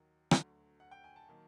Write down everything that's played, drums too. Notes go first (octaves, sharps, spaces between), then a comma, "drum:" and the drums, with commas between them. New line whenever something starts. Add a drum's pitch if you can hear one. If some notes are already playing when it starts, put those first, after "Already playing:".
Already playing: D#2 D#3 F#3
D2 D3 F#3, drum: rim click
F#5
G5
G#5
A5
D#3 F#3 A#3